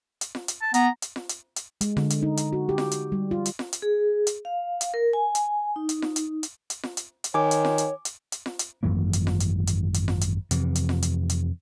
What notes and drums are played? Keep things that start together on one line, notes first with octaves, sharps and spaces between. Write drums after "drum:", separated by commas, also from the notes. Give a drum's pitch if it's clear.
drum: hi-hat
drum: snare F4
drum: hi-hat
A5
B3 A#5, drum: hi-hat
drum: hi-hat
drum: snare F4
drum: hi-hat
drum: hi-hat
G#3, drum: hi-hat
D3, drum: snare F4
drum: hi-hat
D#4
drum: hi-hat
F#4
G4
drum: snare F4
drum: hi-hat
G3
F4
drum: hi-hat
drum: snare F4
drum: hi-hat
G#4
drum: hi-hat
F5
drum: hi-hat
A#4
G#5
drum: hi-hat
D#4
drum: hi-hat
drum: snare F4
drum: hi-hat
drum: hi-hat
drum: hi-hat
drum: snare F4
drum: hi-hat
drum: hi-hat
D#3 C#5 G#5 D6
drum: hi-hat
drum: snare F4
drum: hi-hat
drum: hi-hat
drum: hi-hat
drum: snare F4
drum: hi-hat
G#1 F#2 E3 A#3
drum: hi-hat
drum: snare F4
drum: hi-hat
drum: hi-hat
drum: hi-hat
drum: snare F4
drum: hi-hat
F2 C3 E3, drum: hi-hat
drum: hi-hat
drum: snare F4
drum: hi-hat
drum: hi-hat